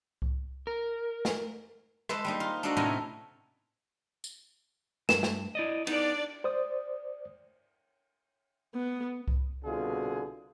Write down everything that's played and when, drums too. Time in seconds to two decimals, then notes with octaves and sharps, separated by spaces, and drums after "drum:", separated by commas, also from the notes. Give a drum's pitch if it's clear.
0.22 drum: kick C2
0.67 A#4
1.25 drum: snare
2.09 G#3 A4 B4 C5 A5, drum: rim click
2.24 G3 A#3 D#4
2.40 F4
2.63 D4 D#4 F#4 A4 A#4 D5
2.77 A2 C3 B3 C#4 A#4 G#5
4.24 drum: tambourine
5.09 G2 E7, drum: snare
5.23 drum: snare
5.55 E4 D5 D#5
5.87 B3 D4 D#4 D5, drum: cymbal
6.44 C5 D5 D#6
8.75 B3
9.28 drum: kick C2
9.64 C2 B2 D3 F4 G#4